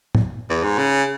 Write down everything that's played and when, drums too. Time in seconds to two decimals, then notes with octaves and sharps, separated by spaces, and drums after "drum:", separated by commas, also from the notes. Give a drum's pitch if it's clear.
0.15 drum: tom
0.49 E2
0.63 G#2
0.78 C#3